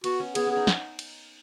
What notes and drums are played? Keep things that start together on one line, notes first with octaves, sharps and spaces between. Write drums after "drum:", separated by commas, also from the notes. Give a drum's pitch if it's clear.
B3 F#4, drum: cymbal
C#4
B3 G#4, drum: cymbal
C#4 G#4
D#4
drum: snare
drum: cymbal